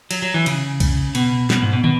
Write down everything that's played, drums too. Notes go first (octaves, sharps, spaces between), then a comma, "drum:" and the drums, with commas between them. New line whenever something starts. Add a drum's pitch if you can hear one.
F#3, drum: cymbal
F#3
E3
C#3, drum: cymbal
drum: kick, cymbal
B2, drum: cymbal
B2, drum: snare
G#2
B2
B2, drum: tom